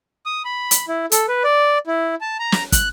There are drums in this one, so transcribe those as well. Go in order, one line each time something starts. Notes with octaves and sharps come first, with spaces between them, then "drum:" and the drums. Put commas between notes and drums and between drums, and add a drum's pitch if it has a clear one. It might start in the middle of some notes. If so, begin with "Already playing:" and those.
D#6
B5
drum: hi-hat
E4
A4, drum: hi-hat
B4
D5
E4
A5
A#5
drum: snare
F#6, drum: kick, hi-hat